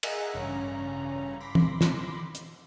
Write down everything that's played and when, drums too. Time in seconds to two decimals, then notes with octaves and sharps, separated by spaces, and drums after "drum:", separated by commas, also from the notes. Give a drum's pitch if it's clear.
0.03 G#4 A#4 D#5 E5 F#5 G#5, drum: cymbal
0.33 A1 G2 C#3 C#4 A#5
1.40 B5 C6 D6 A#6 B6
1.55 drum: tom
1.81 drum: snare
2.35 drum: hi-hat